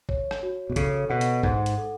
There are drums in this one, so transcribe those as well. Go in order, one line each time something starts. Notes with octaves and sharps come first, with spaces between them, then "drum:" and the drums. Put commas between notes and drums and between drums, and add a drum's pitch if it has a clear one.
C#5, drum: kick G#1
drum: rim click
F#4
B2
C#3 A4, drum: kick G#1, hi-hat
B2 F#5
drum: hi-hat
G#2 F#5, drum: kick G#1
drum: hi-hat
A4